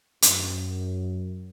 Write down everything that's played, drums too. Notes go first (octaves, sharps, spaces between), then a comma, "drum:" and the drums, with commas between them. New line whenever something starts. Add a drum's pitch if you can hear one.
F#2, drum: hi-hat